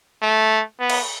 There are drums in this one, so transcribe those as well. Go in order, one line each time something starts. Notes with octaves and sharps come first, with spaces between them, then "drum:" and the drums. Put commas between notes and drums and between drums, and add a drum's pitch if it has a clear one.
A3
B3
drum: cymbal